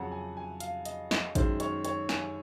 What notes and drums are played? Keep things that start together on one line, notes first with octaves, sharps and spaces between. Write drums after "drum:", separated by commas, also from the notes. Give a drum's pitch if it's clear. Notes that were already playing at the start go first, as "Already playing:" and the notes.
Already playing: F2 C#3 F#3 F#5
G#5
G#5
F5, drum: hi-hat
D#5, drum: hi-hat
D#5, drum: snare
F#2 D#3 G#3 C5, drum: kick A1, hi-hat
C#5, drum: hi-hat
C#5, drum: hi-hat
G#5, drum: snare